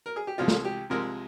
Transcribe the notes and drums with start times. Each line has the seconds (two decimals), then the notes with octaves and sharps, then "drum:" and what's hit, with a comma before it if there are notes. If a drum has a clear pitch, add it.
0.06 A#4
0.16 G#4
0.27 G4
0.38 C2 C3 F3 G#3 F4
0.48 drum: snare
0.65 G4
0.90 C2 C3 F3 G#3 A#4